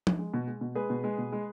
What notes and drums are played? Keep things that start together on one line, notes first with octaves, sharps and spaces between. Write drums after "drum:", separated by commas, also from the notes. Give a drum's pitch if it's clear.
drum: tom F3
G#3
B2
G#3
B2
G#3 G#4 B4
B2
G#3
B2
G#3